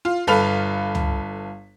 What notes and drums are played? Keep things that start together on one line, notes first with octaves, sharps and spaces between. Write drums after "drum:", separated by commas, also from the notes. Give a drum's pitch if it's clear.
F4
G1 A4 B4 F5 F7
drum: tom C#2